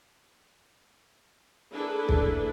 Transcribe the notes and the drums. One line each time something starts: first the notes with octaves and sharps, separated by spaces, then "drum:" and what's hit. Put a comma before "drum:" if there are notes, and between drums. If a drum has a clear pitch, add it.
A#3 D4 E4 G#4 A4 B4
drum: kick